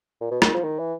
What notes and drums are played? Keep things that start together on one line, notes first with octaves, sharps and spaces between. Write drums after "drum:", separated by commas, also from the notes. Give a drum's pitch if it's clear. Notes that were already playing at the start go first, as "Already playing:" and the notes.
A#2
B2
D#3, drum: rim click
F3
D#3
E3